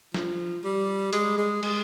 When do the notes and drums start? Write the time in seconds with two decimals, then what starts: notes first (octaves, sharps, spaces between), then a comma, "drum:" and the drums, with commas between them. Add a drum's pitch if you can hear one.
0.14 F3, drum: snare
0.64 G3
1.13 G#3, drum: hi-hat
1.38 G#3
1.63 G#3, drum: cymbal